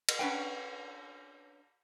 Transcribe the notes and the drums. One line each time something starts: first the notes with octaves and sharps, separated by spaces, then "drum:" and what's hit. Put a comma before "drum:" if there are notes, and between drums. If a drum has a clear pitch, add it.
drum: cymbal
C#4 D4 B4 F#5 G5